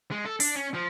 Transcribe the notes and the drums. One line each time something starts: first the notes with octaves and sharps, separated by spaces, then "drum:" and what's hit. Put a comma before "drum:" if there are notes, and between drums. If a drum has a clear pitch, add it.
G#3
A4
D4, drum: open hi-hat
C#4
F3